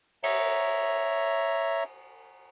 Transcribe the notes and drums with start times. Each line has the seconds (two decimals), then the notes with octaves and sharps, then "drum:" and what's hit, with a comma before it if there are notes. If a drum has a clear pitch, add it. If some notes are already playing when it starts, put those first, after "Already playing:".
0.23 C#5 E5 A#5, drum: cymbal